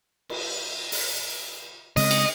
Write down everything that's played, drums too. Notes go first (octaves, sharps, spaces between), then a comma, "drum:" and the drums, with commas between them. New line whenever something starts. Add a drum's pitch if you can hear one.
drum: cymbal
drum: open hi-hat
C#3 G#3 C4 D#5, drum: open hi-hat
drum: cymbal